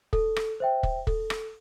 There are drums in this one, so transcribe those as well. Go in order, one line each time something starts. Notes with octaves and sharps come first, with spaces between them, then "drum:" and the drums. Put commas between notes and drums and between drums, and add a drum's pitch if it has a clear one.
A4, drum: kick
drum: rim click
C5 E5 G5
drum: kick
A4, drum: kick
drum: rim click